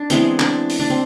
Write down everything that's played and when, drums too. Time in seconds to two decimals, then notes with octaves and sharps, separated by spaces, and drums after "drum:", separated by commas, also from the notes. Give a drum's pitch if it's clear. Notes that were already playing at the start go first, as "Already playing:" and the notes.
Already playing: D4
0.10 E3 G#3 B3 C4, drum: hi-hat
0.40 D4, drum: clap
0.70 drum: open hi-hat
0.79 D4
0.90 C4